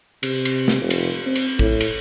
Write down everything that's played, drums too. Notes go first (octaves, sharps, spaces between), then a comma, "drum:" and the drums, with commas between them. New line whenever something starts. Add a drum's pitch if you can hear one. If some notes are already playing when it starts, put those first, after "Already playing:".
C3, drum: cymbal
drum: cymbal
drum: snare
F1
drum: cymbal
C4
drum: cymbal
A2, drum: kick A1
drum: cymbal